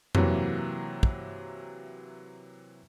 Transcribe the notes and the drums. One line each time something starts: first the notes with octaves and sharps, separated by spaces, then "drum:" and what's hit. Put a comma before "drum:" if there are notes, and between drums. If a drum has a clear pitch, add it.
C3 E3 F#3 A#3, drum: tom F2
drum: kick